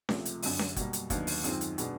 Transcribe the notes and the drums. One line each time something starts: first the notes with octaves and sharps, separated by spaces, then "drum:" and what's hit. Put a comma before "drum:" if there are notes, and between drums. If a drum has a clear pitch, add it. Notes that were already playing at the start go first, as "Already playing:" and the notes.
C#2 C3 F3 A3, drum: snare C#4
drum: hi-hat
F#2 D3 F#3, drum: open hi-hat
drum: snare C#4
B2 G3 A#3, drum: kick, hi-hat
drum: hi-hat
D#2 D3 F#3 B3 D#4, drum: kick, hi-hat
drum: open hi-hat
F#2 D#3 G#3 C4 F4, drum: hi-hat
drum: hi-hat
B2 G#3 B3 D4, drum: hi-hat